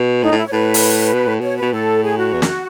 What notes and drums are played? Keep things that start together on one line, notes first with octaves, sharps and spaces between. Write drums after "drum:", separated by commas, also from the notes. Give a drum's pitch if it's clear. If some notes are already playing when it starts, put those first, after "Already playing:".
Already playing: B2
A2 D#4
A2
E4
C#5
A2 B4
drum: open hi-hat
B2
A2
B2 C#5
B2 B4
A2 A4
G#4
F#4
E2
F#2, drum: snare